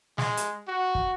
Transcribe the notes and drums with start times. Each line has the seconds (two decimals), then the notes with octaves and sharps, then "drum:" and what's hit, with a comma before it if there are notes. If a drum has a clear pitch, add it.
0.18 G#3, drum: snare
0.37 drum: hi-hat
0.68 F#4
0.95 drum: kick